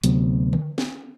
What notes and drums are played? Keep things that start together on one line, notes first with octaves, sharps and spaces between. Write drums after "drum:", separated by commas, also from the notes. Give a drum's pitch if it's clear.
D2 C3 F#3 B3, drum: hi-hat
drum: tom D3
drum: snare